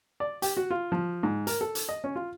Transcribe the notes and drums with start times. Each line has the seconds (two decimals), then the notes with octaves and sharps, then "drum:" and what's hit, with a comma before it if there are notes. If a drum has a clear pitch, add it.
0.20 D5
0.42 G4, drum: hi-hat
0.57 F#4
0.71 F4
0.92 F3
1.23 G#2
1.47 A#4, drum: hi-hat
1.61 A4
1.75 drum: hi-hat
1.89 D#5
2.04 C#4
2.16 F4